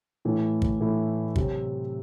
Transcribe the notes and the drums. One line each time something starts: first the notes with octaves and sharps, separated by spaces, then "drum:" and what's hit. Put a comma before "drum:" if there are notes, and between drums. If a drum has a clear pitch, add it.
A2 E3 A3 E4
drum: kick
A2 E3 A3 E4
C3 F#3 C4, drum: kick